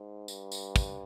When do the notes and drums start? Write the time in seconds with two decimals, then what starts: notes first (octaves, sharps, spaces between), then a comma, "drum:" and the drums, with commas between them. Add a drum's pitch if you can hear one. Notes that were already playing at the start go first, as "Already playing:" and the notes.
Already playing: G#2
0.28 G2, drum: tambourine
0.52 drum: tambourine
0.76 drum: kick, tambourine